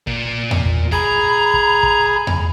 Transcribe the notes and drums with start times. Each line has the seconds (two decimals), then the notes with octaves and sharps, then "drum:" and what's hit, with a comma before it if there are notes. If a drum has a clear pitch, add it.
0.07 A#2, drum: kick
0.51 drum: tom E2
0.66 drum: kick
0.92 G#4 A#5 B5, drum: kick
1.54 drum: kick
1.83 drum: kick
2.27 drum: tom E2